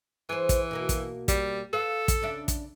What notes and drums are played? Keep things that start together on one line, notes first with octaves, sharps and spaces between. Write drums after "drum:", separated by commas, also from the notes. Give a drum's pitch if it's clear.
E3 G#4 C5
drum: kick, hi-hat
B2 A#3 F#4
drum: kick, hi-hat
G3, drum: kick, hi-hat
A4 B4 F5
drum: kick, hi-hat
C#3 D4 E5
drum: kick, hi-hat